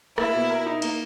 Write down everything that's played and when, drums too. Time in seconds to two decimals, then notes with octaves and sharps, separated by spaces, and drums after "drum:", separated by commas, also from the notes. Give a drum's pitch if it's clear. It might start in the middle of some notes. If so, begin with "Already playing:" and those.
0.18 A#3 E4, drum: rim click
0.34 B2
0.50 A#4
0.66 D#4
0.82 A#3, drum: cymbal